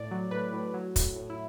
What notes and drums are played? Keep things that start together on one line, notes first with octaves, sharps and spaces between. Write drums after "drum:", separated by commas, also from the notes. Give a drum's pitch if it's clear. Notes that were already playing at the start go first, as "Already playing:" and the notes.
Already playing: A2 D5
F#3
A2 B4
A2
F#3
A2, drum: kick, hi-hat
A2
E4